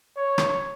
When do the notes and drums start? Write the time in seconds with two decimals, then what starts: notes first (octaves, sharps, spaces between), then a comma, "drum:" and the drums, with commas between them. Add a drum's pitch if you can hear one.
0.17 C#5
0.38 drum: rim click